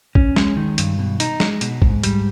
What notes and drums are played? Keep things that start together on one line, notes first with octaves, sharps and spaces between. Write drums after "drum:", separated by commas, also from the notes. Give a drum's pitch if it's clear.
C#4, drum: kick A1
G#3, drum: snare
D#3
G2, drum: hi-hat
B2
D#4, drum: hi-hat
G#3, drum: snare
B2, drum: hi-hat
G#2, drum: kick A1
G3, drum: hi-hat